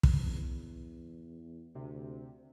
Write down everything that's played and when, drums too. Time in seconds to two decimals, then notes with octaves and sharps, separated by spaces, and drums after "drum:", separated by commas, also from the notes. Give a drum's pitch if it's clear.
0.03 drum: kick
0.20 E2
1.75 D2 C3